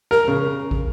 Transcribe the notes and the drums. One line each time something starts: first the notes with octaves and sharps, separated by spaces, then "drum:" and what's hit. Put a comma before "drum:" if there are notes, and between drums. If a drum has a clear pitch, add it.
A#4, drum: snare
C#3
drum: kick